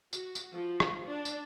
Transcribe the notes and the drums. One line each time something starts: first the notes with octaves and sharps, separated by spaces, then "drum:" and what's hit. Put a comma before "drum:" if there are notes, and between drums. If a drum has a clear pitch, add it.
F#4, drum: tambourine
drum: tambourine
F3
drum: rim click
D4
drum: tambourine